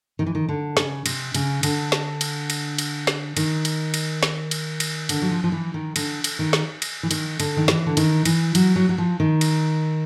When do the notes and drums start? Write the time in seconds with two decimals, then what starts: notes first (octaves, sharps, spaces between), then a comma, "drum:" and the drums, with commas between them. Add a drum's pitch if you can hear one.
0.19 D#3
0.26 E3
0.35 D#3
0.49 D3
0.77 C#3, drum: snare
1.06 C3, drum: cymbal
1.34 C#3, drum: cymbal
1.63 D3, drum: cymbal
1.92 drum: snare
2.21 drum: cymbal
2.50 drum: cymbal
2.78 drum: cymbal
3.07 drum: snare
3.37 D#3, drum: cymbal
3.65 drum: cymbal
3.94 drum: cymbal
4.23 drum: snare
4.51 drum: cymbal
4.80 drum: cymbal
5.09 D3, drum: cymbal
5.22 F#3
5.31 F3
5.44 F3
5.52 E3
5.74 D#3
5.96 D3, drum: cymbal
6.24 drum: cymbal
6.39 D#3
6.53 drum: snare
6.82 drum: cymbal
7.03 E3
7.11 D#3, drum: cymbal
7.40 D3, drum: cymbal
7.57 D#3
7.68 E3, drum: snare
7.86 D3
7.97 D#3, drum: cymbal
8.25 E3, drum: cymbal
8.55 F#3, drum: cymbal
8.76 F#3
8.89 F#3
8.98 F3
9.20 D#3
9.41 drum: cymbal